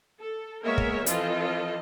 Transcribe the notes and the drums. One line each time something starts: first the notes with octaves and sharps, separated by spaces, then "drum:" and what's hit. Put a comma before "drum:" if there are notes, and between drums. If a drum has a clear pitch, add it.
A4
G#3 A#3 B3 A#4 C#5 E5
drum: kick
E3 F3 C4 F4 A4 D#5, drum: hi-hat